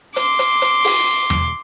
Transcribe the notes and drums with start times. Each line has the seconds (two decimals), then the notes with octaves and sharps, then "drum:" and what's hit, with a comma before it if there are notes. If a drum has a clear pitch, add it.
0.16 C6 D6, drum: hi-hat
0.39 drum: hi-hat
0.62 drum: hi-hat
0.85 drum: open hi-hat
1.30 drum: tom E2